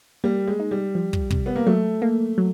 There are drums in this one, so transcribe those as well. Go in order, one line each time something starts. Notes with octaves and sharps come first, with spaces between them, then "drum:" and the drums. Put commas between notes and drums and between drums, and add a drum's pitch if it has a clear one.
G3 A#3
G#3
D#4
G3
F3
drum: kick
C3, drum: kick
B3
A#3
F#3 A3
A#3
F#3